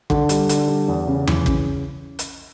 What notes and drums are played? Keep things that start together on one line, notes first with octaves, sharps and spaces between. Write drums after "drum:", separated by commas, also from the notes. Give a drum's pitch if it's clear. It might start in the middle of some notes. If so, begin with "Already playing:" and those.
D3, drum: kick
G3, drum: hi-hat
D3, drum: hi-hat
G3
E2
C#3
E3, drum: tom E2
C#3, drum: kick
drum: hi-hat